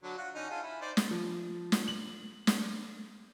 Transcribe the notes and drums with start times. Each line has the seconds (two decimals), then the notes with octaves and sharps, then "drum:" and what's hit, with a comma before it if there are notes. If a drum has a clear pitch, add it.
0.03 D3 F#3
0.17 F4 F#4
0.35 D3 C#4 D#4
0.50 F4 G#4 A4
0.63 E4
0.81 D#4 C5 D5
0.97 drum: snare
1.11 F3
1.72 drum: snare
1.88 F#7
2.47 drum: snare